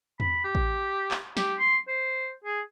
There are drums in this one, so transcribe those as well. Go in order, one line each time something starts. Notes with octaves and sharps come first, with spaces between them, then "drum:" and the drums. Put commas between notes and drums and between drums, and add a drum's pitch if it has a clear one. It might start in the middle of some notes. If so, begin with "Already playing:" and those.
B5, drum: tom E2
G4
drum: kick A1
drum: clap
G4, drum: snare
C6
C5
G#4